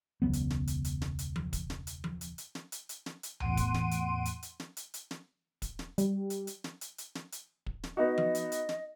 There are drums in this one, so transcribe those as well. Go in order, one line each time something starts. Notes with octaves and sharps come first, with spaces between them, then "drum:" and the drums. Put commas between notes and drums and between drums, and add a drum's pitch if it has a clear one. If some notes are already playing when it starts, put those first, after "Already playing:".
E1 C#2 F#3 B3
drum: hi-hat
drum: snare
drum: hi-hat
drum: hi-hat
drum: snare
drum: hi-hat
drum: tom F3
drum: kick, hi-hat
drum: snare
drum: hi-hat
drum: tom F3
drum: hi-hat
drum: hi-hat
drum: snare
drum: hi-hat
drum: hi-hat
drum: snare
drum: hi-hat
E2 A2 F#5 C6 D7 D#7, drum: tom C2
drum: kick, hi-hat
drum: snare
drum: hi-hat
drum: hi-hat
drum: hi-hat
drum: snare
drum: hi-hat
drum: hi-hat
drum: snare
drum: kick, hi-hat
drum: snare
G3, drum: hi-hat
drum: hi-hat
drum: hi-hat
drum: snare
drum: hi-hat
drum: hi-hat
drum: snare
drum: hi-hat
drum: kick
drum: snare
B3 D#4 F#4 D#5
drum: tom F3
drum: hi-hat
drum: hi-hat
drum: snare